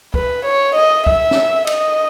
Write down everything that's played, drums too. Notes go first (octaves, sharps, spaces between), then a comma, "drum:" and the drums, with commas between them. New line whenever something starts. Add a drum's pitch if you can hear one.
B4, drum: kick
C#5
D#5
E5, drum: kick
drum: snare
D#5, drum: cymbal